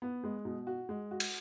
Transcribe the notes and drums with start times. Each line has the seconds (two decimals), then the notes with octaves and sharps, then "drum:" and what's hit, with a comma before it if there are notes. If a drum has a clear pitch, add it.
0.02 B3
0.24 G#3
0.45 B2
0.67 F#4
0.89 G#3
1.11 F#4
1.20 drum: cymbal